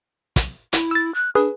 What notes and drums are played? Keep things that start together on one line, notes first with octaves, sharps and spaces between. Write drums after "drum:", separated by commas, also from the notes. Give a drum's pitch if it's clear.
drum: kick, hi-hat
E4, drum: hi-hat
E6 A6
F#6
D4 G#4 B4